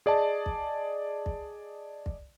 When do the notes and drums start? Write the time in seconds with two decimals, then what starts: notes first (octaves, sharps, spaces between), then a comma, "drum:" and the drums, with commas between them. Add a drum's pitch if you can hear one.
0.06 G#4 D5 D#5 A5
0.46 drum: kick
1.26 drum: kick
2.06 drum: kick